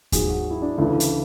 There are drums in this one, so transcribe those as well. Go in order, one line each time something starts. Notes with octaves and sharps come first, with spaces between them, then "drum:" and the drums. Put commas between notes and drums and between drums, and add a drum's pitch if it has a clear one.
G#2 F#3 G#4, drum: kick D#2, hi-hat
F#4
E4
D4
D2 C#3 E3
drum: hi-hat